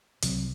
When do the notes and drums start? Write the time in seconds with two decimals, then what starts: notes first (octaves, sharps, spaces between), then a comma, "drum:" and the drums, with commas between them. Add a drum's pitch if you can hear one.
0.22 C2 C3 F#3 C4, drum: hi-hat